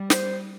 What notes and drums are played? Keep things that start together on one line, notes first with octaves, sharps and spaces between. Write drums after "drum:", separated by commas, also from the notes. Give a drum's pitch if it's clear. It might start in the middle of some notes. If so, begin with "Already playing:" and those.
Already playing: G3
C5, drum: snare